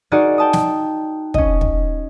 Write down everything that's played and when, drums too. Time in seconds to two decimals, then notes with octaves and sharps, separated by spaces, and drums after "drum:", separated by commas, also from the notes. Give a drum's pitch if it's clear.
0.11 D#4 F#4 G#4 A#4 D5 D#5
0.38 G5 A5 D#6
0.53 drum: snare
1.34 C#4 D#5, drum: kick
1.61 drum: kick